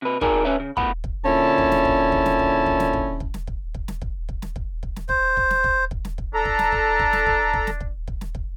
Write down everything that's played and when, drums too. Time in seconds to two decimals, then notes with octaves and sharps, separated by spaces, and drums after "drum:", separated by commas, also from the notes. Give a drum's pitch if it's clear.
0.02 C3 B4
0.21 D#4 G#4 A#4 D5 G#5 A#5, drum: kick
0.45 C#4 B4 C#5 E5
0.60 C#3
0.77 E2 A2 F#5 B5, drum: kick
1.04 drum: kick
1.25 A#2 D3 C#4 E4 A5
1.58 drum: kick
1.72 drum: snare
1.85 drum: kick
2.12 drum: kick
2.26 drum: snare
2.39 drum: kick
2.66 drum: kick
2.80 drum: snare
2.93 drum: kick
3.20 drum: kick
3.34 drum: snare
3.47 drum: kick
3.75 drum: kick
3.88 drum: snare
4.02 drum: kick
4.29 drum: kick
4.42 drum: snare
4.56 drum: kick
4.83 drum: kick
4.96 drum: snare
5.09 C5, drum: kick
5.37 drum: kick
5.50 drum: snare
5.64 drum: kick
5.91 drum: kick
6.05 drum: snare
6.18 drum: kick
6.34 D4 A4 A#5
6.45 drum: kick
6.59 drum: snare
6.72 drum: kick
6.99 drum: kick
7.13 drum: snare
7.26 drum: kick
7.53 drum: kick
7.67 drum: snare
7.81 drum: kick
8.08 drum: kick
8.21 drum: snare
8.35 drum: kick